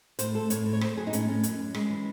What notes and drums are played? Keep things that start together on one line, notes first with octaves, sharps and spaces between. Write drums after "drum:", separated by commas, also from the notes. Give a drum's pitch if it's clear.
A2 C5, drum: hi-hat
A3 A4
A2 C#5, drum: hi-hat
A2
C#5
A3 C5, drum: rim click
F#3 G#4
D#4
A2 C#4, drum: hi-hat
A2 C#4
F#2, drum: hi-hat
F#2
G#3, drum: rim click
E3